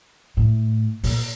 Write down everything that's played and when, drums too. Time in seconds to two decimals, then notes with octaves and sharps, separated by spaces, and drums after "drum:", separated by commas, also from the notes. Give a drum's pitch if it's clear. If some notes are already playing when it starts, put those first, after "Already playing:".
0.37 A2
1.04 A#2, drum: open hi-hat